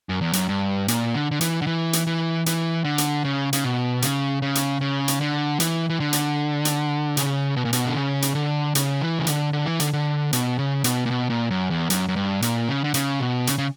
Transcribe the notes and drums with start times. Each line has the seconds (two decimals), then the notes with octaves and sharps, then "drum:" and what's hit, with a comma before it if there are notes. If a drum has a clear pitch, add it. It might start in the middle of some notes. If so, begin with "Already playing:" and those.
0.09 F#2
0.21 E2
0.33 F#2, drum: hi-hat
0.49 G2
0.88 A#2, drum: hi-hat
1.15 D3
1.31 D3
1.41 E3, drum: hi-hat
1.62 D3
1.67 E3
1.93 drum: hi-hat
2.07 E3
2.46 E3, drum: hi-hat
2.84 D3
2.98 drum: hi-hat
3.25 C#3
3.53 C#3, drum: hi-hat
3.64 B2
4.02 C#3, drum: hi-hat
4.42 C#3
4.55 drum: hi-hat
4.81 C#3
5.08 drum: hi-hat
5.21 D3
5.60 E3, drum: hi-hat
5.90 E3
6.00 D3
6.13 drum: hi-hat
6.65 drum: hi-hat
7.17 C#3, drum: hi-hat
7.56 B2
7.65 A#2
7.73 B2, drum: hi-hat
7.87 D3
7.97 C#3
8.22 drum: hi-hat
8.35 D3
8.75 C#3, drum: hi-hat
9.01 E3
9.19 C#3
9.27 D3, drum: hi-hat
9.53 D3
9.66 E3
9.80 D3, drum: hi-hat
9.93 D3
10.33 B2, drum: hi-hat
10.59 C#3
10.84 B2, drum: hi-hat
11.06 A#2
11.11 B2
11.30 A#2
11.50 F#2
11.70 E2
11.90 F#2, drum: hi-hat
12.08 F#2
12.16 G2
12.42 A#2, drum: hi-hat
12.68 C#3
12.84 D3
12.94 C#3, drum: hi-hat
13.20 B2
13.47 C#3, drum: hi-hat
13.58 C#3